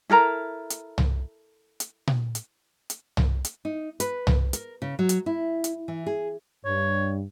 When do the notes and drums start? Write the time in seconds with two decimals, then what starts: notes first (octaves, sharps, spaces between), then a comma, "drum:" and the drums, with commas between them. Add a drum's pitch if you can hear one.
0.10 E4 A4 A#4 A#5
0.70 drum: hi-hat
0.98 drum: tom C2
1.80 drum: hi-hat
2.07 drum: tom A#2
2.35 drum: hi-hat
2.90 drum: hi-hat
3.17 drum: tom C2
3.45 drum: hi-hat
3.65 D#4
4.00 B4, drum: hi-hat
4.27 drum: tom C2
4.53 A#4, drum: hi-hat
4.82 C#3
4.99 F#3
5.09 drum: hi-hat
5.26 E4
5.64 drum: hi-hat
5.88 E3
6.06 G#4
6.65 G2 C#5